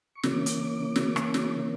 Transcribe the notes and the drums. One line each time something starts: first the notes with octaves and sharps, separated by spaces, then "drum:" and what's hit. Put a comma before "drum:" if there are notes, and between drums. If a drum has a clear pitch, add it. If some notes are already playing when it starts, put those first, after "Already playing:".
C#6
C#3 E3 A#3 C#4 D6, drum: snare
drum: hi-hat
drum: snare
drum: rim click
drum: snare